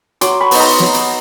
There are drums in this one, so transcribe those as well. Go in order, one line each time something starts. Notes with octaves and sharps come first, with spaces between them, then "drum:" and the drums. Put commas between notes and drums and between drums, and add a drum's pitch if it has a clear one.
F#3 C6 D6, drum: hi-hat
B5 C#6
B3 D#4, drum: open hi-hat
A#5 C6
F#3, drum: snare
drum: hi-hat